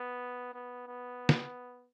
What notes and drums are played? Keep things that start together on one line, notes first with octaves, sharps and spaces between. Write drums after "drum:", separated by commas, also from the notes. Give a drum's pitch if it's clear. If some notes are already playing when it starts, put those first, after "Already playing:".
Already playing: B3
B3
B3
drum: snare